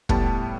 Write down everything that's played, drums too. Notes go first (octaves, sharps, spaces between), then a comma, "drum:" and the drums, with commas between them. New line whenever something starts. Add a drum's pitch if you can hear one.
A2 G3 B3 A5, drum: kick